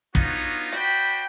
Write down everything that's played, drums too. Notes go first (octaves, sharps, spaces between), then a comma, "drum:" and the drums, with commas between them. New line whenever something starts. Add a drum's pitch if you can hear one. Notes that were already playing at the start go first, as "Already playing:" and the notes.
B3 D4 D#4 F4 F#4 C#5, drum: kick
F#4 C5 D5 G5 B5, drum: hi-hat